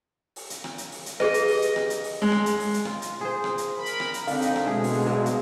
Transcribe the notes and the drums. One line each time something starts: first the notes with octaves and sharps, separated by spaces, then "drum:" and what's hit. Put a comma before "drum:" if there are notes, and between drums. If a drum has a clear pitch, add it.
drum: open hi-hat
drum: hi-hat
drum: rim click
drum: hi-hat
drum: open hi-hat
drum: hi-hat
G4 G#4 B4 D#5, drum: rim click
drum: hi-hat
drum: open hi-hat
drum: hi-hat
drum: rim click
drum: hi-hat
drum: open hi-hat
G#3
drum: rim click
drum: hi-hat
drum: open hi-hat
drum: hi-hat
F4, drum: rim click
drum: hi-hat
G#4 C5
drum: rim click
drum: hi-hat
A#4 B5
drum: hi-hat
drum: rim click
drum: hi-hat
D3 C4 D4 D#4 F5, drum: open hi-hat
drum: hi-hat
drum: rim click
B2 G#3 A3 G#4
drum: open hi-hat
G2 C3 F#3
drum: hi-hat